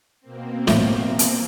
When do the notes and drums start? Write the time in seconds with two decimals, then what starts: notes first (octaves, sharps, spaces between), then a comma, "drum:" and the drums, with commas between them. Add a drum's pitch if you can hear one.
0.21 B2 A#3 C4
0.68 A2 G5, drum: snare
1.19 drum: hi-hat